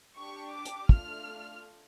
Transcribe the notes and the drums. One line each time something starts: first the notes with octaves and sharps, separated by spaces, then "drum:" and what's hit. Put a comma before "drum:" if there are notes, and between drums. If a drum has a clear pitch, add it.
D4 G4 C#6
D6
drum: hi-hat
A3 D4 F4 F6, drum: kick